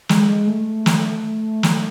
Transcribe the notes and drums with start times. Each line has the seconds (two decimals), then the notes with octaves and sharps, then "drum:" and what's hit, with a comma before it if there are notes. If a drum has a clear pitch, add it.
0.09 G#3, drum: snare
0.28 G#3
0.47 A3
0.86 drum: snare
1.63 drum: snare